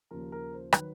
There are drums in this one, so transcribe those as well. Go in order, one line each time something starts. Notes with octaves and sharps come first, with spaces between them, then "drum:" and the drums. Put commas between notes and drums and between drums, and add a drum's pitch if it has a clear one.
D#2 C#3 F3 A#4
A#4
C5
D#3 F#3 B4, drum: rim click